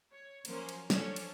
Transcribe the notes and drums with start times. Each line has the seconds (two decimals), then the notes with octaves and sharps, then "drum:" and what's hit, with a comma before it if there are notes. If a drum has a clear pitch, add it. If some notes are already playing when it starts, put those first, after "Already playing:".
0.12 C#5
0.45 F3 F#3 A#3 C#4 A#4 C5, drum: cymbal
0.69 drum: cymbal
0.90 F3 F#3 C#4 D4 A4 C#5, drum: snare
1.16 drum: cymbal